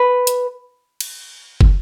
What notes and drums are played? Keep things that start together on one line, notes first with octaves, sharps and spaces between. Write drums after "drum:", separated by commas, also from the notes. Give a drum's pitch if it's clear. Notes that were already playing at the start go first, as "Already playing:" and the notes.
Already playing: B4
drum: hi-hat
drum: cymbal
drum: kick